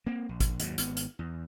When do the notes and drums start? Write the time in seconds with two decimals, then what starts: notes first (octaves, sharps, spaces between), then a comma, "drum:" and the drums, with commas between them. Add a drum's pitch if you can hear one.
0.07 A#3 C4
0.29 A#1
0.40 drum: kick G#1, hi-hat
0.60 D#2 G#2 F#3, drum: hi-hat
0.78 G#1 B3, drum: hi-hat
0.97 drum: hi-hat
1.19 E2